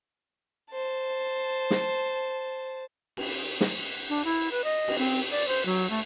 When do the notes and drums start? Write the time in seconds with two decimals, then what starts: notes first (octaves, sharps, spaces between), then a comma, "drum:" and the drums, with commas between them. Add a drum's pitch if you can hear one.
0.72 C5 A5
1.71 drum: snare
3.17 drum: cymbal
3.61 drum: snare
4.09 D4
4.25 E4
4.51 B4
4.64 D#5
4.88 drum: cymbal
4.98 C4
5.31 D5
5.48 C5
5.65 F#3
5.90 A3